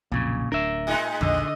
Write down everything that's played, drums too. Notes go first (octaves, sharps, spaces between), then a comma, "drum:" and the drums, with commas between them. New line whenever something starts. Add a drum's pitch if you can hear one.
B1 F2 A#2 C#3
D1 D4 A#4 E5
A2 G#3 D#4
A#1 D3 D#5, drum: tom E2